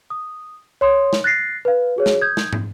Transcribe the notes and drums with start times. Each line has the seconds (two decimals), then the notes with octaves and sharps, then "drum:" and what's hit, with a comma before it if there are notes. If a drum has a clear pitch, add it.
0.10 D#6
0.81 C#5 C6 D#6
1.13 drum: snare
1.24 F#6 A6 A#6 C7
1.65 B4 F5
1.96 F#4 G#4 C#5
2.06 drum: snare
2.21 D#6 G6 G#6
2.37 drum: snare
2.53 drum: tom